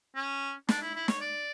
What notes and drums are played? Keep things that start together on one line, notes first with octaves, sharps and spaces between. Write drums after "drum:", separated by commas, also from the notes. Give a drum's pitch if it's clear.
C#4
D4, drum: snare
E4
E4
C#5, drum: snare
D5